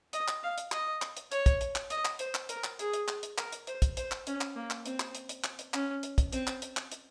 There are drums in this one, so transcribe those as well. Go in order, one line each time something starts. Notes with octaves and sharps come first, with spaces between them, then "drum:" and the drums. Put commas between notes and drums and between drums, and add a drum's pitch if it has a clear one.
D#5, drum: hi-hat
drum: clap
F5
drum: hi-hat
D#5, drum: clap
drum: clap
drum: hi-hat
C#5, drum: hi-hat
drum: kick, hi-hat
drum: hi-hat
drum: clap
D#5, drum: hi-hat
drum: clap
C5, drum: hi-hat
drum: clap
A#4, drum: hi-hat
drum: clap
G#4, drum: hi-hat
drum: hi-hat
drum: clap
drum: hi-hat
A#4, drum: clap
drum: hi-hat
C5, drum: hi-hat
drum: kick, hi-hat
C5, drum: hi-hat
drum: clap
C#4, drum: hi-hat
drum: clap
A#3
drum: clap
C4, drum: hi-hat
drum: clap
drum: hi-hat
drum: hi-hat
drum: clap
drum: hi-hat
C#4, drum: clap
drum: hi-hat
drum: kick, hi-hat
C4, drum: hi-hat
drum: clap
drum: hi-hat
drum: clap
drum: hi-hat